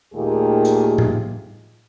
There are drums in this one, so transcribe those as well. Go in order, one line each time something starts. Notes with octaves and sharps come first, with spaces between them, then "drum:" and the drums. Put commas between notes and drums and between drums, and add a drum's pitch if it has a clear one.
D#2 A#2 D#3 A3 G4 G#4
drum: hi-hat
drum: tom A2